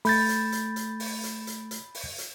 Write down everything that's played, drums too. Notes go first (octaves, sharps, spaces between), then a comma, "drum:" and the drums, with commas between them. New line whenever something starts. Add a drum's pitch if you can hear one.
A3 B5 G6 A6, drum: open hi-hat
drum: hi-hat
drum: hi-hat
drum: hi-hat
drum: open hi-hat
drum: hi-hat
drum: hi-hat
drum: hi-hat
drum: open hi-hat
drum: hi-hat